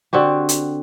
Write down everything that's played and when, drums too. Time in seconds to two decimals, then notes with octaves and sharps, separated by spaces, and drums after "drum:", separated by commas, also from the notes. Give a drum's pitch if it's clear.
0.13 D3 C4 F#4 G4
0.49 drum: hi-hat